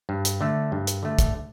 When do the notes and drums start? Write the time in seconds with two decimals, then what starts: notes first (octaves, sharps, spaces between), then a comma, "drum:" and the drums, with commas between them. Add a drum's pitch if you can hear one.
0.09 G2
0.25 drum: hi-hat
0.41 D3 A3
0.72 G2
0.87 drum: hi-hat
1.03 D3 A3
1.19 drum: kick, hi-hat